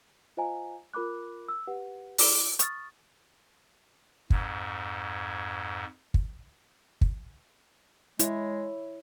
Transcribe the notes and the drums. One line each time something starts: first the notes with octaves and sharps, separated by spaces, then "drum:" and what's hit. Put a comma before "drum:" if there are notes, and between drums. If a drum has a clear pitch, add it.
F4 C5 D#5 F5 G#5 A#5
F4 A#4 B5 D6 F#6
E6
G4 B4 F#5
E4 D5 D6 E7 G7, drum: open hi-hat
C#6 D#6 F6 A6, drum: hi-hat
F2 G#2, drum: kick
drum: kick
drum: kick
G#3 E4 C#5, drum: hi-hat